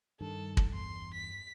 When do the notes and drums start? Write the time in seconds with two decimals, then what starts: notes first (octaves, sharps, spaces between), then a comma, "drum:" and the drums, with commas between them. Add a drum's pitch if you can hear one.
0.21 G2 D#3 A4
0.57 drum: kick
0.73 E2 C6
1.14 B6